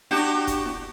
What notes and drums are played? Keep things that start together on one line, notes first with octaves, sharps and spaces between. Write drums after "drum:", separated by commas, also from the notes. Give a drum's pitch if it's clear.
D4 F#4 G4, drum: snare E4
drum: kick E1, hi-hat
drum: snare E4